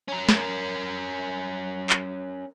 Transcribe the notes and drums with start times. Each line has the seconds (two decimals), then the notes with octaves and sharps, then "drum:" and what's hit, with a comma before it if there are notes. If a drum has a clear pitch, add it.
0.09 C#4 A#4
0.29 drum: snare
1.90 drum: clap